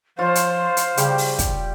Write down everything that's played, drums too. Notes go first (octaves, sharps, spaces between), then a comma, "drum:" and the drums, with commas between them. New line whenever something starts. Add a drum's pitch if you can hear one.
F3 F4 C5 C#5 F5
drum: hi-hat
drum: hi-hat
C#3 G3 G4, drum: hi-hat
drum: open hi-hat
drum: kick, hi-hat